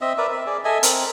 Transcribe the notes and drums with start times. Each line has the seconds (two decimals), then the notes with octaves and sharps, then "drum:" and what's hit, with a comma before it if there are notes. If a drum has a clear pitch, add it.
0.01 C4 D#5 E5
0.18 A#4 B4 D5 E5
0.32 E5
0.46 G#4 D5
0.65 A4 D#5 E5 G#5
0.83 C4 A#4, drum: hi-hat